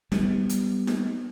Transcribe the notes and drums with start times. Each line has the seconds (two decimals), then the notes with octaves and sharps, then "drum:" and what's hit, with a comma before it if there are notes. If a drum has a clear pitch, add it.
0.12 G3 B3, drum: snare D#4
0.49 drum: hi-hat
0.87 drum: snare D#4